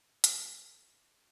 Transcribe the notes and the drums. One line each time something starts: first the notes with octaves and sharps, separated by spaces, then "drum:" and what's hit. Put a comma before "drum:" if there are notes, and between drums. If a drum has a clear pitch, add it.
F2 F3 A3 F4 B4, drum: hi-hat